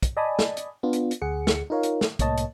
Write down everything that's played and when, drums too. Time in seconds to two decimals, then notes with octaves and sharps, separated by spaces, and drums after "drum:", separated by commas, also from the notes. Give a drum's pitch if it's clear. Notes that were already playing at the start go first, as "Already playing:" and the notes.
0.03 drum: kick, hi-hat
0.17 D5 D#5 G#5 A5 B5 D#6
0.39 drum: snare
0.57 drum: hi-hat
0.83 B3 D4 F4
0.93 drum: hi-hat
1.11 drum: hi-hat
1.21 D2 G#4 F#5 C#7
1.47 drum: snare
1.70 D#4 F4 A#4 C#5 F5
1.83 drum: hi-hat
2.01 drum: snare
2.19 C2 A2 A#3 C#5 D#5 A5, drum: kick, hi-hat
2.37 drum: hi-hat